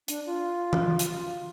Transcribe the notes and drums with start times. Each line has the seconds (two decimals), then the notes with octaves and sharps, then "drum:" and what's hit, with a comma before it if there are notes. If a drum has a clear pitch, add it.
0.08 D4, drum: hi-hat
0.26 F4
0.73 drum: tom E3
0.99 drum: hi-hat